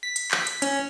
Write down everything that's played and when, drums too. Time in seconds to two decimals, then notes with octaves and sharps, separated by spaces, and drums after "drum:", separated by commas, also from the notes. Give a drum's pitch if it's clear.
0.03 B6
0.16 drum: hi-hat
0.31 drum: clap
0.47 drum: hi-hat
0.62 C#4, drum: hi-hat